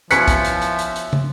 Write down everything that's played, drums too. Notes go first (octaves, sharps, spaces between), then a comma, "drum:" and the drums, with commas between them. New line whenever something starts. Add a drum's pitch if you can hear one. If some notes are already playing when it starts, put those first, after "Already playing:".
B2 F3 C#4 E4 E5 F#6 B6 C#7, drum: hi-hat
drum: kick, hi-hat
drum: hi-hat
drum: hi-hat
drum: hi-hat
drum: hi-hat
drum: tom